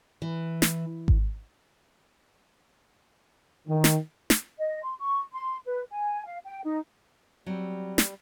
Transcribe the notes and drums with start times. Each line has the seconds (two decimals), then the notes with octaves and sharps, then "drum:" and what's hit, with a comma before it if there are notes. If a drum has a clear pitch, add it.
0.22 E3
0.62 drum: snare
1.08 drum: kick G#1
3.68 D#3
3.84 drum: snare
4.30 drum: snare
4.59 D#5
4.83 C6
5.00 C#6
5.32 C6
5.66 B4
5.91 G#5
6.25 F5
6.44 G5
6.64 D#4
7.46 F#3 G3 C4
7.98 drum: snare